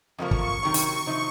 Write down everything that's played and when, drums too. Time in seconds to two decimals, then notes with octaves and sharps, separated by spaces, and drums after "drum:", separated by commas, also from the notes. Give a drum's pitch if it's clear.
0.18 F2 C3 F3 A#3 C#6
0.31 drum: kick
0.63 C3 D#3 F#3
0.74 drum: hi-hat
1.06 C3 F3 C4 D#4